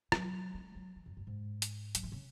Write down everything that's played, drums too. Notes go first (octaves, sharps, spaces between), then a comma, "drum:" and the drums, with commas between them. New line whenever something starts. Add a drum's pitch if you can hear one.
F#3, drum: rim click
G#3
F#3
E3
F#2
F#2
G#2
drum: hi-hat
F#3, drum: hi-hat
E3
C#3